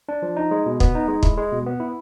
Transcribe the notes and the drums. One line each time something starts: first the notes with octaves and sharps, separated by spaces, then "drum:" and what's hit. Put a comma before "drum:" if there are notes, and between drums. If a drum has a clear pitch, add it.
D4
F3
D#4
G#3
B2
B3, drum: kick
D#4
G#3
E4, drum: kick
G#3
B2
B3
E4